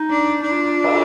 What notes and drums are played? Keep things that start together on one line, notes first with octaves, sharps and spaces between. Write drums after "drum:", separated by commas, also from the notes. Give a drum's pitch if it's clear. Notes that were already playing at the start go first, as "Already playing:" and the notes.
Already playing: D#4
D4
D4 D#4
F4
F4
drum: cymbal